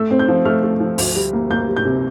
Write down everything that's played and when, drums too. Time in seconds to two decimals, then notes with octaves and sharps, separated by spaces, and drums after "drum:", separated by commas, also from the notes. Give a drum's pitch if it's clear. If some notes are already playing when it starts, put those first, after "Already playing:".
Already playing: A3 E6
0.11 C4
0.19 G6
0.28 F3
0.45 A3 F6
0.63 A3
0.80 F3
0.98 D2, drum: open hi-hat
1.15 G3
1.33 A#3
1.50 A#3 G6
1.68 G3
1.77 G6
1.85 C3